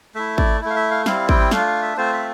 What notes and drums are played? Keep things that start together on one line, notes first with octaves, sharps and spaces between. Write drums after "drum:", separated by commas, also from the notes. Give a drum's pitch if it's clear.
A3 E4 E5
D5, drum: kick
A3 E4
F5
E5
F5
G3 C4 E4 F5, drum: snare
G5, drum: kick
A3 D4 F4 F5, drum: snare
F5
E5
A3 C4 F4 C5
E5